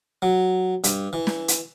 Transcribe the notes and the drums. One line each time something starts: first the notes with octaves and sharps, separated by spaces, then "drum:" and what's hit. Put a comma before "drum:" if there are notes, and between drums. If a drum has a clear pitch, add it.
F#3
G2, drum: hi-hat
E3
drum: snare
drum: hi-hat